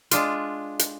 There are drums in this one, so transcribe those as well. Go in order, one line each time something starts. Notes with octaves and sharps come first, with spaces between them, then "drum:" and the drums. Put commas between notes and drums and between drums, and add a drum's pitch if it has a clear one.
G#3 D4 F4, drum: hi-hat
drum: hi-hat